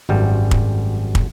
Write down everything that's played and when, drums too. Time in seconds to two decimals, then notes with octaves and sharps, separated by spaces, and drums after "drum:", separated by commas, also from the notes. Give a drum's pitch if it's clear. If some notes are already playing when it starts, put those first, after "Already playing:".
0.09 G#1 F#2 G3
0.51 drum: kick
1.15 drum: kick